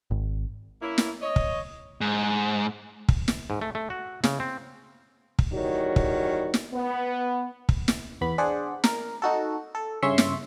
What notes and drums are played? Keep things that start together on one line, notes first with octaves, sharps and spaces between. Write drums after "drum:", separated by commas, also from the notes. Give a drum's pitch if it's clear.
G#1
A#3 C#4 E4
drum: snare
C#5 D#5
drum: kick
G#2
drum: kick
drum: snare
G#2
A3
A3
F#4
C#3, drum: snare
C4
drum: kick
E2 D#3 G3 F#4 C#5
drum: kick
drum: snare
B3
drum: kick
drum: snare
E2 B3 B5
D4 G#4 C5 D5 F#5
A#4, drum: snare
D#4 F#4 A4
A4
G2 C#3 C#4 E5 C6 C#6
drum: snare